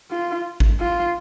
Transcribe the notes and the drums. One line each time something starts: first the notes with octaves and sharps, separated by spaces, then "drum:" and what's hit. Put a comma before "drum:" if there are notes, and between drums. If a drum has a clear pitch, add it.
F4
drum: kick G#1
F4